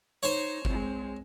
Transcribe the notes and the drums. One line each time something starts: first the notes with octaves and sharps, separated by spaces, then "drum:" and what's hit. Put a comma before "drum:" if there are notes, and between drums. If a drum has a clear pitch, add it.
D#4 C5 C#5
G#3 C4, drum: kick G1